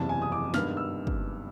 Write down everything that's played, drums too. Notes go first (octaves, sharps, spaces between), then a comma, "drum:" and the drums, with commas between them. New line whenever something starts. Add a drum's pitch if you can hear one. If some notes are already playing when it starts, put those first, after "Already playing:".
Already playing: F#1 E2 C3 A5
G#5
D#6
D6
G2 D#3 G#3 B3 F6, drum: snare
E6
drum: kick